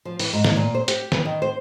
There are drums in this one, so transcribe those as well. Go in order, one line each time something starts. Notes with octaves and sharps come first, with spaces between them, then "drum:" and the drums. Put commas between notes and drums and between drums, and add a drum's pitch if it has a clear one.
F3
E3, drum: open hi-hat
G#2
drum: snare
A#2
C5
G4, drum: hi-hat
B4, drum: snare
D#3
C5